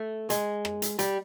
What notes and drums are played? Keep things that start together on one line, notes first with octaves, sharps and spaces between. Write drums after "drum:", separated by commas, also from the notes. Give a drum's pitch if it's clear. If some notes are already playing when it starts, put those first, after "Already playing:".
Already playing: A3
G#3, drum: hi-hat
drum: rim click
drum: hi-hat
G3, drum: hi-hat